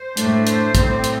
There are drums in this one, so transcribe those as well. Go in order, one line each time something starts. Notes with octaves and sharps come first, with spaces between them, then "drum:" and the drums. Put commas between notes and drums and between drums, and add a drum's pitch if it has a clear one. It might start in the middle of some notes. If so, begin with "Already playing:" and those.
Already playing: C5
A2 A3 D4, drum: hi-hat
C5, drum: hi-hat
A2 G3 C4, drum: kick, hi-hat
drum: hi-hat